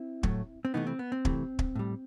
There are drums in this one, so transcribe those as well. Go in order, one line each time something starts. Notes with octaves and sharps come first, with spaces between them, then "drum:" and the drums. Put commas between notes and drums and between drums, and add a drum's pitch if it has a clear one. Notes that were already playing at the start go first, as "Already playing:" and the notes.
Already playing: C4 E4
A2 F#3 A3, drum: kick
C4
C3 E3 A3 B3 D#4
C4
B3
C4
C3 E3 A3, drum: kick
drum: kick
A2 G3